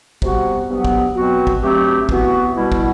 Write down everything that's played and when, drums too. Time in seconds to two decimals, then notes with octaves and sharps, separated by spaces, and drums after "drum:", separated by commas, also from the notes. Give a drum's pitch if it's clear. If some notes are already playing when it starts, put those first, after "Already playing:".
0.22 C3 G3 B3 F#4, drum: kick
0.69 G2 F#3 B3
0.85 drum: kick
1.16 B2 F#3 C4 F#4
1.47 drum: kick
1.62 G2 F#3 A3 C4 G4
2.09 E3 B3 F#4, drum: kick
2.56 B2 G3 B3 E4
2.72 drum: kick